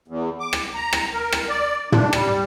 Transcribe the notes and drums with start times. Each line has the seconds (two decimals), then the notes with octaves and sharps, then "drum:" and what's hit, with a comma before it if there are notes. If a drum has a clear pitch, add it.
0.08 E2
0.40 D6
0.53 drum: rim click
0.75 A#5
0.93 drum: rim click
1.14 A#4
1.32 drum: rim click
1.49 D5
1.92 D4, drum: tom
2.13 G3, drum: rim click